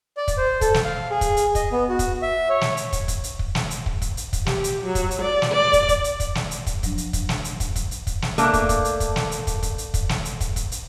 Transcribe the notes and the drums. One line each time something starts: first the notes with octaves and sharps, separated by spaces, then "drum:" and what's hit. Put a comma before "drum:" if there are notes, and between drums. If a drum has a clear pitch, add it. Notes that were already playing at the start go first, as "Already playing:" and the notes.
D5
drum: kick, hi-hat
C5
A4, drum: kick, hi-hat
drum: snare
F5
G#4
drum: kick, hi-hat
drum: hi-hat
D#5, drum: kick, hi-hat
B3
F#4
drum: kick, hi-hat
E5
C#5
drum: snare
drum: hi-hat
drum: kick, hi-hat
drum: kick, hi-hat
drum: hi-hat
drum: kick
drum: snare
drum: hi-hat
drum: kick
drum: kick, hi-hat
drum: hi-hat
drum: kick, hi-hat
G4, drum: snare
drum: hi-hat
F#3
drum: kick, hi-hat
drum: hi-hat
D5
drum: snare
D5
drum: kick, hi-hat
drum: kick, hi-hat
drum: hi-hat
drum: kick, hi-hat
drum: snare
drum: hi-hat
drum: kick, hi-hat
F3 F#3 D4, drum: kick, hi-hat
drum: hi-hat
drum: kick, hi-hat
drum: snare
drum: hi-hat
drum: kick, hi-hat
drum: kick, hi-hat
drum: hi-hat
drum: kick, hi-hat
drum: snare
A3 A#3 D4, drum: hi-hat
drum: kick, hi-hat
drum: kick, hi-hat
drum: hi-hat
drum: kick, hi-hat
drum: snare
drum: hi-hat
drum: kick, hi-hat
drum: kick, hi-hat
drum: hi-hat
drum: kick, hi-hat
drum: snare
drum: hi-hat
drum: kick, hi-hat
drum: kick, hi-hat
drum: hi-hat